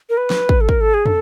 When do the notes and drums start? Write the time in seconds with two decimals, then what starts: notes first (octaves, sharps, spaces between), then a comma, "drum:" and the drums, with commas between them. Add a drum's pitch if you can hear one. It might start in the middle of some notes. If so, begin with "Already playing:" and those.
0.10 A#4
0.17 B4
0.30 drum: snare
0.49 drum: kick
0.61 A4
0.69 A#4, drum: kick
0.81 A4
0.94 G#4
1.06 A4, drum: tom